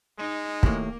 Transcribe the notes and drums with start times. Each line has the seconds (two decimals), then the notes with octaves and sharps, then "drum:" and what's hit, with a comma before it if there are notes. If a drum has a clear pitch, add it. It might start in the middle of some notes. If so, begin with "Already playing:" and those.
0.18 G#3 D#4
0.63 D#2 A2 A#3, drum: kick